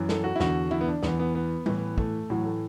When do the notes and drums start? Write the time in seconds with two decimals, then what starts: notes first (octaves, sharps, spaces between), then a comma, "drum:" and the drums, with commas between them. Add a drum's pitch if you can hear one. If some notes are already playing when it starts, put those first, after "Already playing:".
Already playing: F#2 E3
0.09 A4, drum: snare
0.24 F#4
0.36 E4
0.40 E2 D3 F#4, drum: snare
0.71 E4, drum: tom E3
0.81 B3
0.88 D4
1.03 E2 E3 B3, drum: snare
1.19 B3
1.35 B3
1.66 A2 E3, drum: tom G3
1.98 A3, drum: kick
2.30 A2 E3 F#3
2.45 A3